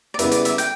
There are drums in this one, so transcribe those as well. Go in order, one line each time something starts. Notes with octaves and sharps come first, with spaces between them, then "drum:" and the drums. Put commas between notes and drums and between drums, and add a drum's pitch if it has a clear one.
D5
C#3 G3 B3 E4 B4 E5, drum: hi-hat
D5, drum: hi-hat
E5, drum: hi-hat
G5, drum: hi-hat